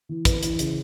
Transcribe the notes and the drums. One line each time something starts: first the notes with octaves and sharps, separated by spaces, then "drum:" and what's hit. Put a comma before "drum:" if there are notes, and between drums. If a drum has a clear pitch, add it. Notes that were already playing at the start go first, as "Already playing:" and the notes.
E3
B4, drum: kick, hi-hat
E3, drum: hi-hat
C#3, drum: hi-hat